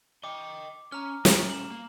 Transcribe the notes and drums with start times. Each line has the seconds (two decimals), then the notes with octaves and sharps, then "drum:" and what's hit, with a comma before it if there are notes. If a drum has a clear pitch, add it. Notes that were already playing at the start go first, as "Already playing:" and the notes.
0.24 D#5 G5 D6
0.92 C#4 A#5 F6
1.25 G3 A3 C#4, drum: snare
1.50 E7 F#7
1.71 A#3